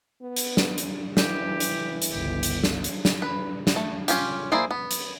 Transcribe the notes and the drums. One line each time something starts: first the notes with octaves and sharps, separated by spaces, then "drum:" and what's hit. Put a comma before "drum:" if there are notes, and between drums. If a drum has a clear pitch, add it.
B3
drum: hi-hat
drum: snare
drum: hi-hat
E3 G4, drum: snare
drum: hi-hat
drum: hi-hat
G1 C#2 G4
drum: hi-hat
drum: snare
drum: hi-hat
drum: snare
B4
drum: snare
A3
C#4 F4 G4, drum: hi-hat
A#3 E4 G#4 C5 D5
B3
drum: hi-hat